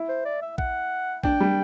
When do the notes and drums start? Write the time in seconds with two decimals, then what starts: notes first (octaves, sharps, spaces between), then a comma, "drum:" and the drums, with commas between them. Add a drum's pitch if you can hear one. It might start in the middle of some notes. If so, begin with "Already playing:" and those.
Already playing: E4
0.09 C5
0.25 D5
0.42 E5
0.58 F#5, drum: kick A#1
1.24 D4 G5, drum: kick A#1
1.40 G3